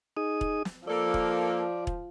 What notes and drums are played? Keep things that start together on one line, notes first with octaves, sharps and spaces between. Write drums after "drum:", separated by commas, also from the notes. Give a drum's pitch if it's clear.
D#4 G#4 D#6
drum: kick E1
drum: snare
F3 A#3 A4 D5
drum: kick E1
drum: kick E1